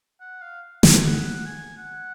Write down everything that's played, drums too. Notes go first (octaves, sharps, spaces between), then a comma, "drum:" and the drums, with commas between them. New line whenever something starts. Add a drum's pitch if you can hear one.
F#5
F5
G#5, drum: snare
F#5
F#5
G#5
F#5